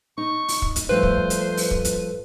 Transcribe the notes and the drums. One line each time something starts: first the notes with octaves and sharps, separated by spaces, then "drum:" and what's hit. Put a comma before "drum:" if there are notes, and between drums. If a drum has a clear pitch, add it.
D#4 C#6
drum: open hi-hat
drum: kick
drum: hi-hat
G2 F3 A3 B4 C5
drum: kick
drum: hi-hat
drum: open hi-hat
drum: kick
drum: hi-hat